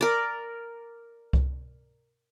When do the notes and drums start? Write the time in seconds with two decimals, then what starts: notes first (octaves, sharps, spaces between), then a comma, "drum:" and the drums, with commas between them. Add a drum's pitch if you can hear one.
0.01 A#4 D5
1.33 drum: kick C2